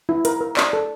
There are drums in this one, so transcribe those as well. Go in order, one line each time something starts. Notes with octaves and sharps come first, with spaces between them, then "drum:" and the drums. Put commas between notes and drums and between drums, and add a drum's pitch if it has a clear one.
E4
A#4, drum: hi-hat
A#4
D5, drum: clap
A4